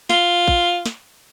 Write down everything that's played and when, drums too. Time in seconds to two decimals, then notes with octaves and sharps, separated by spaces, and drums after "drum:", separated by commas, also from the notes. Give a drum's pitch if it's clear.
0.10 F4, drum: snare
0.48 drum: kick
0.86 drum: snare